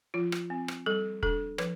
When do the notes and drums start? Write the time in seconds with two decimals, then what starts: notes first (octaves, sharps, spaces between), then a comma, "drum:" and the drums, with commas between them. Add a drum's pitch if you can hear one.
0.14 F3 F4
0.32 drum: rim click
0.50 C4
0.68 drum: rim click
0.86 G3 A4
1.23 D4 A4, drum: kick
1.58 F3 B4, drum: rim click